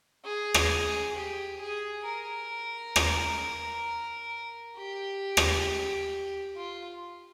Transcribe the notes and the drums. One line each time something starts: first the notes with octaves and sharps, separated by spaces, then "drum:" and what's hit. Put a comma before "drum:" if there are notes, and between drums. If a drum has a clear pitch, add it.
G#4
drum: rim click
G4
G#4
A#4
drum: rim click
G4
drum: rim click
F4